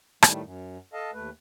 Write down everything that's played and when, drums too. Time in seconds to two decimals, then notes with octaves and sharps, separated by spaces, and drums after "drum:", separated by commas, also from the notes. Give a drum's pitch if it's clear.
0.22 A2 D#3 G3 A3, drum: rim click
0.43 F#2
0.93 A4 D#5 F5 A5
1.13 D#2 A3 B4